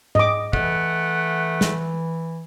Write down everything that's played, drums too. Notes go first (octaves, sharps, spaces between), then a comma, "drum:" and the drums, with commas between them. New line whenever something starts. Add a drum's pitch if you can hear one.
D#5 D6, drum: tom G#2
E3 A3 F#5, drum: kick
drum: snare